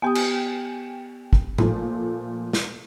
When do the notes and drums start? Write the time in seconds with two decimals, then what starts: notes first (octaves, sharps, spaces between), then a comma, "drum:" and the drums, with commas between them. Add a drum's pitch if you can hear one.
0.02 B3 G4 G5 G#5 D#6
0.15 drum: cymbal
1.33 drum: kick
1.58 A#2 F3 A3, drum: tom A2
2.53 drum: snare